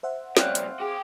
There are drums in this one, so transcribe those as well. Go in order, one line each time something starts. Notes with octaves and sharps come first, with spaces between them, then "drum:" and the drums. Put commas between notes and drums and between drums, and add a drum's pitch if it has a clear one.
C5 E5 F#5
G2 C#3 C4 C#5 D5 F5 F#6, drum: snare
drum: hi-hat
F#4 G#4 G5 D6